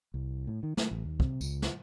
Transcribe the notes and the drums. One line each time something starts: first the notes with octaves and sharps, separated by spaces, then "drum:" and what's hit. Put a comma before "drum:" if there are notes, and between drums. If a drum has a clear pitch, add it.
C2
A2
D#3
A3, drum: snare
A1
D#2
C3, drum: kick
C#2, drum: tambourine
drum: snare